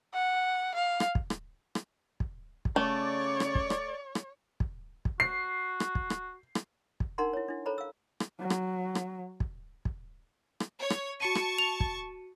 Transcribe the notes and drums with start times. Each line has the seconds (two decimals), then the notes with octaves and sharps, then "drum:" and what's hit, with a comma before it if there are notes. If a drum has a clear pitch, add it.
0.14 F#5
0.74 F5
1.00 drum: rim click
1.15 drum: kick
1.30 drum: rim click
1.75 drum: rim click
2.20 drum: kick
2.65 drum: kick
2.76 C#3 A3 C#5 D5
3.40 drum: rim click
3.55 drum: kick
3.70 drum: rim click
4.15 drum: rim click
4.60 drum: kick
5.05 drum: kick
5.20 F#4 C7
5.80 drum: rim click
5.95 drum: kick
6.10 drum: rim click
6.55 drum: rim click
7.00 drum: kick
7.18 D4 D#4 A#4 F#5 A#5 C6
7.33 E4 C#5
7.48 D4 E4
7.66 A4 C5 C#5 A#5 B5
7.78 F5 E6
8.20 drum: rim click
8.39 F#3
8.50 drum: rim click
8.95 drum: rim click
9.40 drum: kick
9.85 drum: kick
10.60 drum: rim click
10.79 C#5
10.90 drum: rim click
11.20 F#4 A5 C#6 C#7 D#7
11.35 drum: rim click
11.58 F7
11.80 drum: kick